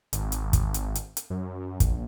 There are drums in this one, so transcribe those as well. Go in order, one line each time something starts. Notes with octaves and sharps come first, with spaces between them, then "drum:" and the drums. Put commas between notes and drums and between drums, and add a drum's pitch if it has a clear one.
G#1, drum: hi-hat
drum: hi-hat
drum: kick, hi-hat
drum: hi-hat
drum: hi-hat
drum: hi-hat
F#2
A#1, drum: kick, hi-hat